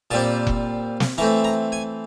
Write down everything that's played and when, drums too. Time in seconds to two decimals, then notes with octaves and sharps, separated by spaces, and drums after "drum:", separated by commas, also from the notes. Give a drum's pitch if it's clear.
0.11 A#2 G3 C4 A5
0.47 drum: kick F1
1.00 drum: snare
1.18 E3 A3 C4 A#5
1.44 A#5
1.72 G#5